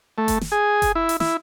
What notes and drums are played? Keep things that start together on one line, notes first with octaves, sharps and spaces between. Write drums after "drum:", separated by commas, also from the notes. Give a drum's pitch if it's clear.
A3
drum: kick F#1, hi-hat
drum: snare
G#4
drum: kick F#1, hi-hat
E4
drum: hi-hat
E4, drum: snare